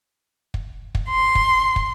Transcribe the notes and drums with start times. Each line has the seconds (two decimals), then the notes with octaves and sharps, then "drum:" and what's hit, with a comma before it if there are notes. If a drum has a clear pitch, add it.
0.54 drum: kick
0.95 drum: kick
1.08 C6
1.35 drum: kick
1.76 drum: kick